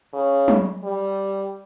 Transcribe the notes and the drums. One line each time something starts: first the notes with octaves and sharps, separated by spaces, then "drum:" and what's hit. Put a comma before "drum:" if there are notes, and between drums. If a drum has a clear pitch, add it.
C#3
drum: tom F#3
G3